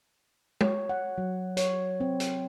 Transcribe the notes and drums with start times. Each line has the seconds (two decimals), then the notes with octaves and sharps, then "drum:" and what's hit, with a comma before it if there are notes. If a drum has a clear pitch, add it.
0.61 C#5, drum: tom
0.89 F#5
1.18 F#3
1.57 C#5, drum: hi-hat
2.00 C4
2.20 drum: hi-hat